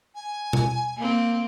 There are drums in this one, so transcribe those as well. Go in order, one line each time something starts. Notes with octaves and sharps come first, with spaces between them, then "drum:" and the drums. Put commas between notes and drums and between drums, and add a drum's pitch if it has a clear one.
G#5
drum: tom B2
A#3 C4